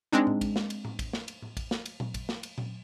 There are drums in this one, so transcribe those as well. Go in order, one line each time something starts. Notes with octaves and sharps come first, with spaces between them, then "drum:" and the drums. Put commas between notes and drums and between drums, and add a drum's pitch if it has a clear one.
G#3 C4 D4 D#4
drum: tom A2
drum: kick A1, cymbal
drum: snare
drum: cymbal
drum: tom A2
drum: kick A1, cymbal
drum: snare
drum: cymbal
drum: tom A2
drum: kick A1, cymbal
drum: snare
drum: cymbal
drum: tom A#2
drum: kick A1, cymbal
drum: snare
drum: cymbal
drum: tom A#2